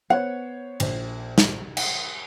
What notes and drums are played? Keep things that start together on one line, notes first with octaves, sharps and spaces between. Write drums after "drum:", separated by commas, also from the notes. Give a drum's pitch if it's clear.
B3 C5 C#5 F#5
A#1 C5, drum: cymbal
drum: snare
F#5, drum: cymbal